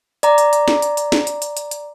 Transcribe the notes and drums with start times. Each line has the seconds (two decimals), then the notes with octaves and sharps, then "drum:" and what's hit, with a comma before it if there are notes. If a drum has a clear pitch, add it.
0.23 D5 A#5, drum: hi-hat
0.38 drum: hi-hat
0.53 drum: hi-hat
0.68 drum: snare
0.82 drum: hi-hat
0.97 drum: hi-hat
1.12 drum: snare
1.27 drum: hi-hat
1.42 drum: hi-hat
1.57 drum: hi-hat
1.71 drum: hi-hat